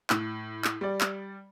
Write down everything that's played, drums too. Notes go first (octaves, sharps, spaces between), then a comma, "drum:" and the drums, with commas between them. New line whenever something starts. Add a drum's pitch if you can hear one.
A2, drum: clap
drum: clap
G3 D5
drum: clap